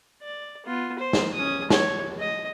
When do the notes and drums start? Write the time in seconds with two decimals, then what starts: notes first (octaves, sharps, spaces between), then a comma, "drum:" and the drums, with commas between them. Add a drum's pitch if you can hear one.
0.22 D5
0.66 B3 F4
0.98 C5
1.13 drum: snare
1.34 C#4 D#6
1.70 C#5, drum: snare
2.19 D#5